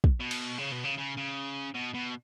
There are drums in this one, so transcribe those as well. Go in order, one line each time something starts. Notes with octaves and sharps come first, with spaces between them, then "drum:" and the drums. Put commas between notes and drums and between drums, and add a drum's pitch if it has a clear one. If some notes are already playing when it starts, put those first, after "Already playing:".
drum: kick
B2
drum: cymbal
C#3
B2
C#3
C#3
C#3
B2
B2